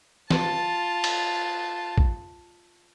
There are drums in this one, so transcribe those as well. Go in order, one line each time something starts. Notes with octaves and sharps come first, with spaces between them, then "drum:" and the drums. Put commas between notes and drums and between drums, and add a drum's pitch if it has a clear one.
F4 A5, drum: snare
drum: cymbal
drum: kick